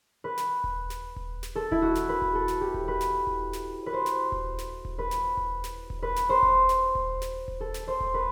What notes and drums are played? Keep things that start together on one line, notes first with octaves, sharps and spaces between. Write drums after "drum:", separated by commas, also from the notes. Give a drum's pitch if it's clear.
B4
drum: snare
drum: kick D#1
drum: snare
drum: kick D#1
drum: snare
A4
E4, drum: kick D#1
F#4
drum: snare
B4
drum: kick D#1
A4
drum: snare
G4
drum: kick D#1
B4
drum: snare
drum: kick D#1
drum: snare
B4
C5
drum: snare
drum: kick D#1
drum: snare
drum: kick D#1
B4
drum: snare
drum: kick D#1
drum: snare
drum: kick D#1
B4
drum: snare
C5
drum: kick D#1
drum: snare
drum: kick D#1
drum: snare
drum: kick D#1
A4
drum: snare
C5
drum: kick D#1
B4